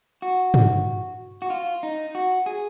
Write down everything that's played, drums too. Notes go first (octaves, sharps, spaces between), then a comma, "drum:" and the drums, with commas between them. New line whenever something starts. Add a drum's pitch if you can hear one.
F#4
drum: tom
F#4
F4
D#4
F#4
G#4